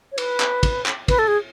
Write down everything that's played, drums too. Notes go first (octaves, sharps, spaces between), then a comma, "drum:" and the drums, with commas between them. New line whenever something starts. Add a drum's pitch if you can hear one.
C#5
B4, drum: cymbal
drum: clap
drum: kick, cymbal
drum: clap
B4, drum: kick, cymbal
A4
G#4